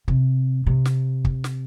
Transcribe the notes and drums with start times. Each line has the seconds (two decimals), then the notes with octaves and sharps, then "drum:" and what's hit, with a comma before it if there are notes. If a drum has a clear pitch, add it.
0.08 C3, drum: kick
0.67 C3
0.85 drum: snare
1.25 drum: kick
1.44 drum: snare